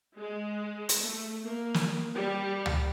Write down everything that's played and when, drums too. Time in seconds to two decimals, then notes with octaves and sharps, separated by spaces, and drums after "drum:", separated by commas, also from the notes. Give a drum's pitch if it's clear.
0.17 G#3
0.89 drum: hi-hat
1.00 A3
1.44 A#3
1.74 drum: snare
2.15 G3
2.66 drum: tom C#2